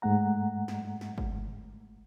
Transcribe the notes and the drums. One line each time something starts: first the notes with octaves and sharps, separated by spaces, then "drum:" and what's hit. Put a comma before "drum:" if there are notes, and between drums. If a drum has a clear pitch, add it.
G#2 G#3 A3 F#5 A#5
drum: snare
drum: snare
drum: kick G1